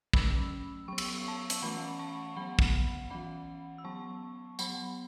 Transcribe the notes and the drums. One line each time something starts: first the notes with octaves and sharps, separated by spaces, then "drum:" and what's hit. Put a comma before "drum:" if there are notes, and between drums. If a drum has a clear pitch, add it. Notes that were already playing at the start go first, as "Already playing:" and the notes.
F#3 A3 C#4 B5 E6, drum: kick
F#3 B3 C#6
E6, drum: cymbal
C#6
E6
A5 C#6
drum: hi-hat
E3 A3 C#4 F#5 B5
A5 C#6
F#3 B3 F#5 B5
drum: kick
E3 C#4 F#5 B5
E6
F#3 B3 A5 C#6
F#3 B3 F#5 B5, drum: tambourine